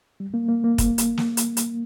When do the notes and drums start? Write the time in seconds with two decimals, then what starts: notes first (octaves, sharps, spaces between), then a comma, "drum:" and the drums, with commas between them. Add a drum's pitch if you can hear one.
0.20 G3
0.34 A#3
0.48 A#3
0.64 A#3
0.78 drum: kick, hi-hat
0.98 drum: hi-hat
1.17 drum: snare
1.37 drum: hi-hat
1.57 drum: hi-hat